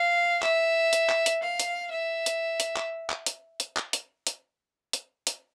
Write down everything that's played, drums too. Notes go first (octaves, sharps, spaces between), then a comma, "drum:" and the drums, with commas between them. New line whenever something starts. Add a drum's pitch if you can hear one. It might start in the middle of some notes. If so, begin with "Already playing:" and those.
Already playing: F5
E5, drum: clap
drum: hi-hat
drum: clap
drum: hi-hat
F5
drum: hi-hat
E5
drum: hi-hat
drum: hi-hat
drum: clap
drum: clap
drum: hi-hat
drum: hi-hat
drum: clap
drum: hi-hat
drum: hi-hat
drum: hi-hat
drum: hi-hat